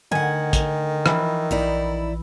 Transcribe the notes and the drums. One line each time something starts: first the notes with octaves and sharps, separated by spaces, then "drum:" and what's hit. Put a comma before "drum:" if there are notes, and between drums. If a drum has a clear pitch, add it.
D2 D3 D#3 F#5 G#5
drum: kick, hi-hat
E3 F3, drum: rim click
A#1 D#4 E4 D5